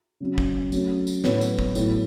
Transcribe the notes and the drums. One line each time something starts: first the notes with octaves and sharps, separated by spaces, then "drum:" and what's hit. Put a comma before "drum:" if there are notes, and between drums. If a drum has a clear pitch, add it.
C#3 F#3 C#4
drum: kick
F#3 A3 C#4, drum: tambourine
drum: tambourine
A2 F#3 B3 F#4 C#5, drum: snare
drum: tambourine
drum: kick
A2 F#3 B3 E4, drum: tambourine